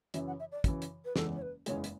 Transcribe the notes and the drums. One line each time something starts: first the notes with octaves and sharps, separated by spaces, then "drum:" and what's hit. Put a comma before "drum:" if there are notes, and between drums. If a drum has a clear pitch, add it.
F#2 C#3 E3 E5, drum: hi-hat
F#5
E5
D5
F#2 C#3 E3, drum: kick, hi-hat
drum: hi-hat
B4
F#1 E2 C#3 E3 G#3 A4, drum: snare
C#5
B4
F#1 E2 C#3 E3 G#3 C#5, drum: hi-hat
drum: hi-hat